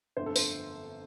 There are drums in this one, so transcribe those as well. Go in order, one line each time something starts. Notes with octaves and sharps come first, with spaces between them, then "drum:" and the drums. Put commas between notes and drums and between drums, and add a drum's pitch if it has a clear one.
G1 F2 D3 A3 C5
A4
C5, drum: tambourine